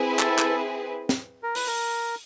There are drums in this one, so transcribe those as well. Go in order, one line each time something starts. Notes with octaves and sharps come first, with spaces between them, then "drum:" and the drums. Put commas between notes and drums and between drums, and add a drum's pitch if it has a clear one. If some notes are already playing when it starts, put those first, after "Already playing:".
Already playing: C4 E4 G#4 B4
A4, drum: clap
drum: clap
drum: snare
A#4
B4, drum: open hi-hat
A#4